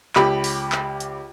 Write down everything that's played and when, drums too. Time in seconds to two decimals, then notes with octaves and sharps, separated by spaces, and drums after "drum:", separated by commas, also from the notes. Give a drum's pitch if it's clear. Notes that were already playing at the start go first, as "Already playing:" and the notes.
0.16 C#2 G4 B5, drum: clap
0.44 drum: open hi-hat
0.72 drum: clap
1.00 drum: hi-hat